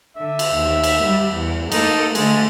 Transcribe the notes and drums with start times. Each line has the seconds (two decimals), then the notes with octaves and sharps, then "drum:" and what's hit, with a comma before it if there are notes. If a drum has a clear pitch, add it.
0.17 D3 E5
0.39 drum: cymbal
0.54 D#2
0.84 drum: cymbal
1.04 G3
1.34 E2
1.72 A#3 D#4 A4, drum: cymbal
2.15 D3 G#3 A3, drum: cymbal